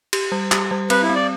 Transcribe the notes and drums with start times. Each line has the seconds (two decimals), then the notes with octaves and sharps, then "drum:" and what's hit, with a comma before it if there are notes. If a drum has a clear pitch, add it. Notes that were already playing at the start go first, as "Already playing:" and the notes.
0.13 G4, drum: cymbal
0.32 G3
0.52 G4, drum: clap
0.71 G3
0.90 C4 B4, drum: cymbal
1.03 E4
1.10 C4
1.15 D5